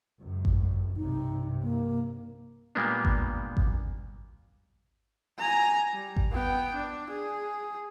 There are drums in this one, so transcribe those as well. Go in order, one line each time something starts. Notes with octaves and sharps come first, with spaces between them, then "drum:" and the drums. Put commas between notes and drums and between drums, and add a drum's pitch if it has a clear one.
C#2 F#2
drum: kick G#1
B1 G2 C3 D#4
A#3
A#2 G3 G#3 A#3 B3 D4
drum: kick G#1
drum: kick G#1
G#5 A#5
G3
drum: kick G#1
B3 G5
D4
G#4